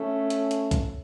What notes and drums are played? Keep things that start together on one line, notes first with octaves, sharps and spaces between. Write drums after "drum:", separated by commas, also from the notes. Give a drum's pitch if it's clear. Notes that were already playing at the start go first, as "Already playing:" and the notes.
Already playing: A3 C#4
drum: hi-hat
drum: hi-hat
drum: kick B1, hi-hat